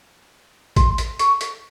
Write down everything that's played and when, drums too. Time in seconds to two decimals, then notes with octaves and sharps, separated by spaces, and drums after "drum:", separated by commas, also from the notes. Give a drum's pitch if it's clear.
0.76 C6, drum: kick A1, hi-hat
0.98 drum: hi-hat
1.19 C#6, drum: hi-hat
1.41 drum: hi-hat